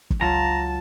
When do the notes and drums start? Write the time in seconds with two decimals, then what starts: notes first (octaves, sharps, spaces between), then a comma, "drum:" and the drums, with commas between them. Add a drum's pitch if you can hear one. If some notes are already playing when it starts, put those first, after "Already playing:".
0.10 drum: kick
0.21 C#2 F#3 F4 A5 A#5